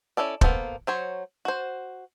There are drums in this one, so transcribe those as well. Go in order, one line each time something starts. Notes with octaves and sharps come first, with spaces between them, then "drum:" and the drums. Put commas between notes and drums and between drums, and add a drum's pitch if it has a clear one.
C#4 E4 A4 D5
A#3 B3 A4 C5, drum: kick
F#3 C5 C#5
F#4 C5